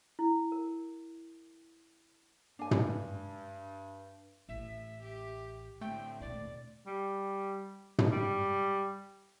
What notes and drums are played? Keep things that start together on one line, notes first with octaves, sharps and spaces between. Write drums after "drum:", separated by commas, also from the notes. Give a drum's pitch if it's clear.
E4
A#4
G2 D4 G#5
drum: tom
A1 A2 E5
G4
A2 D3 A3 C4 G5
D#2 B2 D5
G3
drum: tom
G3